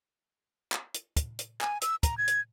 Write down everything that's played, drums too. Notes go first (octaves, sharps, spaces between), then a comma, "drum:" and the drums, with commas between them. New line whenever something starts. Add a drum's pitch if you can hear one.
drum: clap
drum: hi-hat
drum: kick, hi-hat
drum: hi-hat
G#5, drum: clap
E6, drum: hi-hat
A#5, drum: kick, hi-hat
G#6
drum: hi-hat